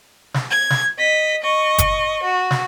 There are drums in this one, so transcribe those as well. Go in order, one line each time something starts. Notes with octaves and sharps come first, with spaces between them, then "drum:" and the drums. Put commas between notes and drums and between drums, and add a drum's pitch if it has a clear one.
drum: snare
G#6
drum: snare
D#5 B6
D#5 C#6
drum: kick F#1, hi-hat
F#4
drum: snare